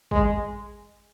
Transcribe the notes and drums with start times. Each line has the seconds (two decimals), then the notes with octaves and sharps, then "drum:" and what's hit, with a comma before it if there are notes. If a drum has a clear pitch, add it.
0.11 G#3, drum: kick